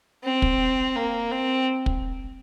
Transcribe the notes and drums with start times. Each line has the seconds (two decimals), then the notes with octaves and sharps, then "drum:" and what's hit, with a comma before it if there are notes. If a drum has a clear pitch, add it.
0.24 C4
0.42 drum: kick
0.96 A#3
1.32 C4
1.86 drum: kick